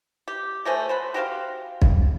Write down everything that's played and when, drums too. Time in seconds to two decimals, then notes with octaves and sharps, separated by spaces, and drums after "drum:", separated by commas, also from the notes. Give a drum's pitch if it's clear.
0.28 G4
0.65 F#3 A3 C5 G#5
0.89 C5 F#5 B5
1.14 F#4 G4 C5 F5
1.82 drum: kick